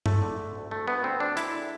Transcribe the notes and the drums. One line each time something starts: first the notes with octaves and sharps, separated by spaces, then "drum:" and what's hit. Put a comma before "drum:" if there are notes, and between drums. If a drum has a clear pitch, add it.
G#3 A3, drum: tom G2
D3
D3
D2
D2 A3
D2 B3
D2 C4
D2 D4
G#3 E4, drum: hi-hat
D3